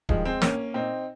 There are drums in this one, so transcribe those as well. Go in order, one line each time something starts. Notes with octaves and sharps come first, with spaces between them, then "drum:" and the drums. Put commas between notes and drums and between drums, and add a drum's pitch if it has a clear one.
G2 D#3 F3 G#3, drum: kick D1
G#3 C4
A#1 A#3 C#4, drum: snare
A#2 C4 D#4